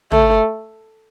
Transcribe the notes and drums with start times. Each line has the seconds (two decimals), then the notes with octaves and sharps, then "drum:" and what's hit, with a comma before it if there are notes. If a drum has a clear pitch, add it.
0.12 A3, drum: tom